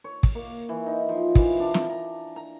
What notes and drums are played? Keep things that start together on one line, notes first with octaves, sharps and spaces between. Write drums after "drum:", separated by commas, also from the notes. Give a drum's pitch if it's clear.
C#5
drum: kick
A#3
E3
D#4
F3
E3, drum: kick
D4
drum: snare
A#5
A#5